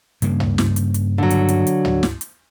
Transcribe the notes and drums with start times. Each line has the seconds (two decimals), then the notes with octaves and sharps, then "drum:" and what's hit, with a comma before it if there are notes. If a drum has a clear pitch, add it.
0.22 G2 C#3 A#3, drum: hi-hat
0.40 drum: tom
0.58 drum: snare
0.76 drum: hi-hat
0.94 drum: hi-hat
1.18 D3 F#3
1.30 drum: hi-hat
1.49 drum: hi-hat
1.67 drum: hi-hat
1.85 drum: tom
2.03 drum: snare
2.21 drum: hi-hat